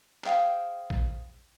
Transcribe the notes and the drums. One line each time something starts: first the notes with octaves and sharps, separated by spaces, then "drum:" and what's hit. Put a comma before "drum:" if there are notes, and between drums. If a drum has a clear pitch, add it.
G#4 C5 F5 G5, drum: clap
drum: kick